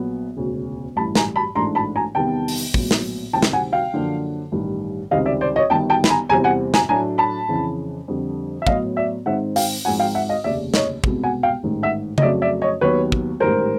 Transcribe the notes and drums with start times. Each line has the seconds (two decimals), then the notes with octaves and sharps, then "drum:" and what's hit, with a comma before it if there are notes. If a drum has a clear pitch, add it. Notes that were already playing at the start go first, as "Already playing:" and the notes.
Already playing: A#1 F#3 B3
0.36 E1 D2 C#3
0.96 A1 G2 E3 A5 B5
1.15 G#5 A#5, drum: snare
1.36 A5 B5
1.55 A1 G#2 E3 A3 D4 A#5 C6
1.75 A5 B5
1.96 G#5 A#5
2.15 E2 C3 D#3 G3 B3 G5 A5
2.48 drum: open hi-hat
2.74 A#1 A2 F#3 B3, drum: kick
2.91 drum: snare
3.33 D2 C3 D#3 G3 C4 G5 A5
3.42 drum: snare
3.53 F#5 G#5
3.72 F5 G5
3.93 F#2 D3 F3 A#3 D4
4.52 A1 G2 D#3
5.11 C#2 C3 D#3 G3 C4 D#5 F5
5.26 D5 E5
5.41 C5 D5
5.56 C#5 D#5
5.70 G1 G2 D#3 G5 A5
5.90 G5 A5
6.04 B5, drum: snare
6.10 G#5 A#5
6.29 E2 C3 E3 G3 C4 G#5 A#5
6.44 F#5 G#5
6.74 G#5 A#5, drum: snare
6.89 A2 F#3 A3 D4 G#5 A#5
7.18 A5 B5
7.49 F2 C#3 E3
8.08 F2 D3 G3
8.62 E5
8.67 A2 F#3 B3 D#5 F5, drum: kick
8.96 D5 E5
9.26 G#2 D#3 G#3 C4 D#4 E5 F#5
9.56 F5 G5, drum: open hi-hat
9.85 G#1 G#2 F3 F#5 G#5
10.00 F5 G5
10.15 E5 F#5
10.29 D#5 F5
10.44 F1 D#2 C#3 D5 E5
10.74 C#5 D#5, drum: snare
11.04 C2 B2 G#3 B3, drum: kick
11.24 F#5 G#5
11.43 F5 G5
11.63 A1 G#2 D#3
11.83 E5 F#5
12.18 D#5, drum: tom C#3
12.22 F2 C#3 F#3 A3 D5 E5
12.42 D5 E5
12.62 C#5 D#5
12.81 D#2 D#3 F#3 B3 B4 C#5
13.12 drum: kick
13.40 A1 G#2 D#3 G3 A#4 C5